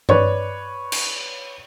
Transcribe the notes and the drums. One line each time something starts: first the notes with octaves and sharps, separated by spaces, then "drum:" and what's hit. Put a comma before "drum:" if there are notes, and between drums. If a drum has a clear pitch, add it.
B4 C#5 D5, drum: tom G2
drum: cymbal